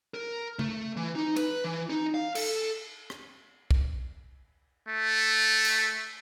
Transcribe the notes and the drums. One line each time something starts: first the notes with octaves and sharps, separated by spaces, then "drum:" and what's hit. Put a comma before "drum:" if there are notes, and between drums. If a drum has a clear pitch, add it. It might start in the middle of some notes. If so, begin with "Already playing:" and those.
A#4
A3, drum: tom
E3
D#4
B4, drum: cymbal
E3
D#4
F5
A4, drum: cymbal
drum: rim click
drum: kick
A3
drum: cymbal